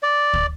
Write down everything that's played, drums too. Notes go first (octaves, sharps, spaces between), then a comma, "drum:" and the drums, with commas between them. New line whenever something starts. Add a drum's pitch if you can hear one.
D5
drum: kick